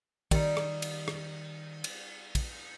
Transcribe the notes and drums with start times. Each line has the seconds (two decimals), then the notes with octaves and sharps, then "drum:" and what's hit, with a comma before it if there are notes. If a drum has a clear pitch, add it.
0.31 D#3 G3 D#4, drum: kick, cymbal
0.57 drum: rim click
0.82 drum: cymbal
1.08 drum: rim click
1.84 drum: cymbal
2.35 drum: kick, cymbal